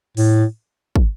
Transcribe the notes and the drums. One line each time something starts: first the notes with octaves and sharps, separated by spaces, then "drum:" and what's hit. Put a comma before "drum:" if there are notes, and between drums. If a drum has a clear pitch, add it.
A2, drum: open hi-hat
drum: kick